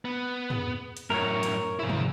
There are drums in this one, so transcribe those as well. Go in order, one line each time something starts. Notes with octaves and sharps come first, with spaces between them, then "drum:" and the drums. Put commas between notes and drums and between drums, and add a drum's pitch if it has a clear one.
B3
G#4, drum: tom
drum: hi-hat
F#2 A2 A#4 C#5
drum: hi-hat
G#2 C3 F3 E4 G#4
drum: tom